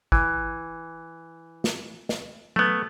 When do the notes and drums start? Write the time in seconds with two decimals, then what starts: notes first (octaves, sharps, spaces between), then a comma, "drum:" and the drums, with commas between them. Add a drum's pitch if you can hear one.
0.12 E3, drum: kick G#1
1.64 drum: snare
2.09 drum: snare
2.56 A3 B3, drum: tom F#3